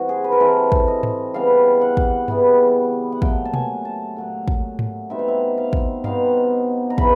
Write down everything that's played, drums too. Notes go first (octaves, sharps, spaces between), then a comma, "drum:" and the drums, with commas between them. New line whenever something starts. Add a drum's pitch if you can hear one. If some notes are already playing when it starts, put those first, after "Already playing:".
Already playing: E3 G3 C4 F#4
G#4
B4
A#4
E3 G3 C4 A4
drum: kick
D#5
drum: tom G#2
C#3 E3 G3 B3 F5
F#5
drum: kick
C#3 E3 G3 B3, drum: tom G2
F#5
A#2 F#3 A3 G5, drum: kick
A5
G#5, drum: tom B2
A5
A#2 F#3 A3
drum: kick
drum: tom G#2
B2 G3 C4 D#4 E5
F5
E5
F5
drum: kick
B2 G3 C4 D#4 F5, drum: tom G2
A#5
C#3 E3 B5, drum: kick